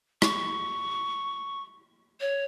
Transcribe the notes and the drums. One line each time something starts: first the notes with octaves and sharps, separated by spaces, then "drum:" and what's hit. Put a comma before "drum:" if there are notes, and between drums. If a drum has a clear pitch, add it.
C#6, drum: rim click
C#5